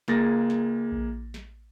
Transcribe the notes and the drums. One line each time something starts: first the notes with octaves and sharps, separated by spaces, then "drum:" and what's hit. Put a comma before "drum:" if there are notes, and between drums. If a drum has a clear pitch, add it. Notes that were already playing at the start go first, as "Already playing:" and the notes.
C#2 A#3 G#4 A6 A#6, drum: snare
drum: snare
drum: kick A#1
drum: snare